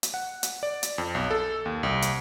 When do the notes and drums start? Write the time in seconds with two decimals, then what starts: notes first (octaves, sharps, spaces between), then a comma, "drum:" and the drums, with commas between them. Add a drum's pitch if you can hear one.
0.03 drum: hi-hat
0.14 F#5
0.43 drum: hi-hat
0.63 D5
0.83 drum: hi-hat
0.98 F2
1.15 B1
1.31 A4
1.66 D#2
1.83 C2
2.02 drum: hi-hat